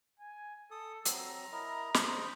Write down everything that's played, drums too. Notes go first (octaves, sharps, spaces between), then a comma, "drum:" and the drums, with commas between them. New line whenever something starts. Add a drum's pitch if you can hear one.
G#5
A4 D#6
F#3 C4 A#5 E6, drum: hi-hat
E4 A#4 D#5
C5 D#5 B5, drum: snare